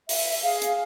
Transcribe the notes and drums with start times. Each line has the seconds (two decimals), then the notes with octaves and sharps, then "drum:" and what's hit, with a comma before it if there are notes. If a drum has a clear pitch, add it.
0.09 E5, drum: open hi-hat
0.42 G#4 F5
0.62 drum: hi-hat